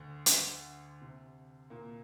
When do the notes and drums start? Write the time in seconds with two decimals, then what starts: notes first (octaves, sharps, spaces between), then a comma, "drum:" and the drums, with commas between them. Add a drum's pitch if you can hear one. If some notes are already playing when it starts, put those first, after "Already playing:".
Already playing: D2 D3
0.26 drum: hi-hat
1.01 C3
1.70 A#2 A#3